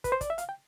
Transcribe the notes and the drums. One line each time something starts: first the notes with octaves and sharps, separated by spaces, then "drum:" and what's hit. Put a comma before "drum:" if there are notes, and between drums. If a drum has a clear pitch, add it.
B4, drum: kick, hi-hat
C5
D5, drum: kick, hi-hat
E5
F5, drum: hi-hat
G5